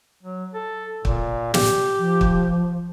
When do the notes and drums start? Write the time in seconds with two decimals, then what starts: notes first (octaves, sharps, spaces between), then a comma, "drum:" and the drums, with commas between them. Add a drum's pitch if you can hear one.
0.23 F#3
0.54 A4
1.05 A#2, drum: kick
1.54 G4, drum: snare
1.98 F3
2.21 drum: kick